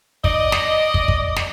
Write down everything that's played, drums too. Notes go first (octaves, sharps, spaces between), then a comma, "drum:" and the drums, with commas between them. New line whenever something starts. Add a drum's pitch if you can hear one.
D5 D#5, drum: kick
drum: snare
drum: kick
drum: kick
drum: snare